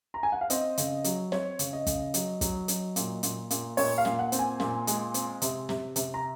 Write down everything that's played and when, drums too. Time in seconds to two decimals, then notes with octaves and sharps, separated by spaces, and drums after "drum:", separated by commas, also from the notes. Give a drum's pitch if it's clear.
0.14 A#5
0.23 G#5
0.32 F#5
0.41 F5
0.50 C4 D#5, drum: hi-hat
0.78 C#3, drum: hi-hat
1.04 F#3, drum: hi-hat
1.32 C4 C#5, drum: snare
1.59 C#3, drum: hi-hat
1.73 D#5
1.87 C#3, drum: kick, hi-hat
2.14 F#3, drum: hi-hat
2.41 F#3, drum: kick, hi-hat
2.68 F#3, drum: hi-hat
2.96 A#2, drum: hi-hat
3.23 A#2, drum: hi-hat
3.50 A#2, drum: hi-hat
3.77 A#2 C#5, drum: open hi-hat
3.98 F5
4.05 A#2, drum: snare
4.19 F#5
4.32 C4, drum: hi-hat
4.39 G#5
4.60 A#2, drum: snare
4.87 G#3, drum: hi-hat
5.14 C4, drum: hi-hat
5.42 C3, drum: hi-hat
5.69 C3, drum: snare
5.96 C3, drum: hi-hat
6.14 A#5